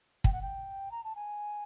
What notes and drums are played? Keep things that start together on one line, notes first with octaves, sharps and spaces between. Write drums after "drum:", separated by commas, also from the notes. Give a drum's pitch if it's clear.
G5, drum: kick
F#5
G5
A#5
A5
G#5